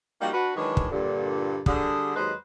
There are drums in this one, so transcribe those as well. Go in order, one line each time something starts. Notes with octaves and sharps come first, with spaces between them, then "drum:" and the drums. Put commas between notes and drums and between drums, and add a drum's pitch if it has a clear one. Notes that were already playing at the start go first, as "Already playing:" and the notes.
F3 G3 A#3 D#4 F#4 G4
D4 F#4 B4
D#3 E3 F#3 G#3 D4 C#5
drum: kick
G2 A#2 D3
D3 G3 G#4, drum: kick
D#2 F#3 G#3 B4 C5 D#5